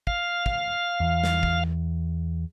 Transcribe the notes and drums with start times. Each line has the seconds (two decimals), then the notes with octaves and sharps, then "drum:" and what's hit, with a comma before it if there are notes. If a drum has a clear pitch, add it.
0.07 F5, drum: kick
0.46 drum: kick
1.00 E2
1.24 drum: snare
1.43 drum: kick